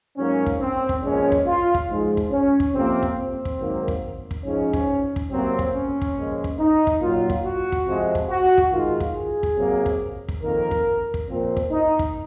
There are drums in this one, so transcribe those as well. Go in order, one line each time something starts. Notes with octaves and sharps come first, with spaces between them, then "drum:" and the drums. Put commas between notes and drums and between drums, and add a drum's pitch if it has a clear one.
G#2 F#3 A#3 C#4
drum: kick
C4
drum: kick
A#2 F3 G#3 C#4
drum: kick
F4
drum: kick
G#2 F3 G#3
drum: kick
C#4
drum: kick
F2 C3 F3 A#3 C4
drum: kick
C4
drum: kick
G#2 D#3 F#3 A#3
drum: kick
drum: kick
G#2 F3 G#3 C#4
drum: kick
drum: kick
C3 F#3 A#3 C4
drum: kick
C#4
drum: kick
A#2 F3 G#3
drum: kick
D#4
drum: kick
A#2 F#3 A#3 F4
drum: kick
F#4
drum: kick
C3 F3 G#3
drum: kick
F#4
drum: kick
G#2 D#3 G#3 F4
drum: kick
G#4
drum: kick
C3 F#3 A#3
drum: kick
drum: kick
F2 D#3 A#3 A#4
drum: kick
drum: kick
A#2 F3 A#3 C4
drum: kick
D#4
drum: kick